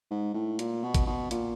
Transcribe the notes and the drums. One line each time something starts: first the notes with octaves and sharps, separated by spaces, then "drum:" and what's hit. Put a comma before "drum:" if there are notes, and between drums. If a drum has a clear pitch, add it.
G#2
A2
A#2, drum: hi-hat
B2
drum: kick, hi-hat
B2
A#2, drum: hi-hat